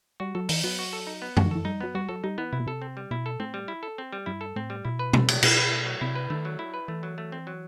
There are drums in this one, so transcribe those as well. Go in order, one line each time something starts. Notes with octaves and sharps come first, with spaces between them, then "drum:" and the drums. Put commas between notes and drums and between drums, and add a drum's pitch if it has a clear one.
G3 F#4
F#3 A4
E3 D#4, drum: open hi-hat
F#3 B3
F#4
A4
D#4
B3
E3 F#4, drum: tom F#2
D#3
E3 A4
G3 D#4
F#3 B3
G3 F#4
F#3 A4
G3 D#4
E3 B3
C3 E4
B2
C3 A4
C4
G3
B2 E4
A4
A2 C4
G3
E4
A4
C4
G3
G2 E4
A4
A2 C4
G3
B2 E4
B4
A3, drum: tom
F#3, drum: cymbal
B2 E4, drum: cymbal
B4
A3
F#3
C3 E4
B4
D#3 A3
F#3
E4
B4
E3 A3
F#3
A3
C4
F#3